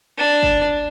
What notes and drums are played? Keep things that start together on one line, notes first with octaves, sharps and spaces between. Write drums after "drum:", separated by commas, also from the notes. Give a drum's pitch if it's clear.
D4
drum: kick